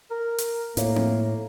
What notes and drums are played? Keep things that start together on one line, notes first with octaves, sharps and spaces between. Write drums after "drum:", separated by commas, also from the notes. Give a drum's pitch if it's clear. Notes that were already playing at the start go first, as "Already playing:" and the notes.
A#4
drum: hi-hat
A2 A#3, drum: hi-hat
drum: tom C4